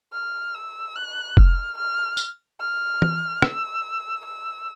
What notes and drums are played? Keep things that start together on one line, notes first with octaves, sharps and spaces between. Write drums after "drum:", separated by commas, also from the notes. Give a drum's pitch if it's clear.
F6
E6
F#6
F6, drum: kick F1
F6
drum: tambourine
F6
drum: tom
E6, drum: rim click
E6